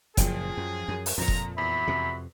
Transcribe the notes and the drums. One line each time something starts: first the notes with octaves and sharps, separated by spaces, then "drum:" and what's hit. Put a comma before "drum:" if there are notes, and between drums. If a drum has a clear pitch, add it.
F#1 F#2 A#2 F3 G#4 G5, drum: kick F1, hi-hat
F#2
F#2
drum: open hi-hat
F2 A#2 F3 A#5
drum: kick F1
E2 F#4 E5 B5
F2 C3